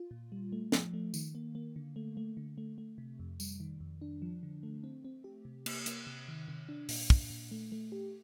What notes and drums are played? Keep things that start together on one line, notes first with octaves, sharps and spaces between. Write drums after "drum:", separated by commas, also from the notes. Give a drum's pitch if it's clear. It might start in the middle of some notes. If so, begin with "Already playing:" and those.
Already playing: F4
A#2
G3
A3
F3, drum: snare
A3
D#3, drum: tambourine
A#3
A#3
D3
A3
A3
D3
A3
A3
C3
F2
G3, drum: tambourine
D#3
F2
D4
F3
D3
A3
C4
C4
G4
C3
A#3, drum: cymbal
A#3, drum: hi-hat
C3
D#3
C3
D4
A#2, drum: open hi-hat
A#2, drum: kick
A#2
A3
A3
G4